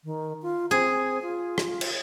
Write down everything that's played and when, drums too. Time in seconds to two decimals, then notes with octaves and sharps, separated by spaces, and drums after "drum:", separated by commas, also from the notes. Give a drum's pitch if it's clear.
0.04 D#3
0.42 F4
0.71 C4 G#4
1.22 F4
1.58 drum: rim click
1.81 drum: cymbal